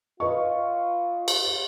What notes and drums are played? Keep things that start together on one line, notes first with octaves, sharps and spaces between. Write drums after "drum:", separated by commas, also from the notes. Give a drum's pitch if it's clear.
F4 B4 D#5 C#6
drum: cymbal